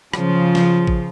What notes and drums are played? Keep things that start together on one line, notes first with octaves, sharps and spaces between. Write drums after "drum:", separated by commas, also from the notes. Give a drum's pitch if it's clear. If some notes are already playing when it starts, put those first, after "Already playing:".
C#3 F3, drum: rim click
drum: snare
drum: kick A1